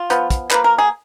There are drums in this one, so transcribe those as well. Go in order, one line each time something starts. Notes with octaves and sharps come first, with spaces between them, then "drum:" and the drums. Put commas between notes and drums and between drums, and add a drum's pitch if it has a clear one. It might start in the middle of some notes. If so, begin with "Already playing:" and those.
Already playing: F4
F3 B3, drum: hi-hat
drum: kick, hi-hat
F3 A#3 B4, drum: clap
A#4
G#4